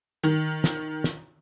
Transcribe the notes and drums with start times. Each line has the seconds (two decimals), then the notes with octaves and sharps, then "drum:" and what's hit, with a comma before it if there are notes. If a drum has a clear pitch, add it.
0.24 D#3, drum: hi-hat
0.64 drum: snare
1.04 drum: snare